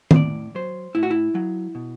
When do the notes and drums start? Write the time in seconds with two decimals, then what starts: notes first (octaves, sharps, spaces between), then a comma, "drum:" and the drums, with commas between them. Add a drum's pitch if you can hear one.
0.11 C5, drum: tom D#3
0.15 A2 D5
0.55 F#3 C5
0.95 A2 E4
1.03 F#4
1.11 E4
1.35 F#3
1.75 B2